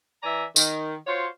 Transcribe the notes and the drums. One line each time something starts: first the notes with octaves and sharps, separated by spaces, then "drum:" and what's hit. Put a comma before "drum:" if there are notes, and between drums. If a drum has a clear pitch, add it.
E3 D5 E5 G#5 A#5
D#3, drum: tambourine
F4 F#4 C5 C#5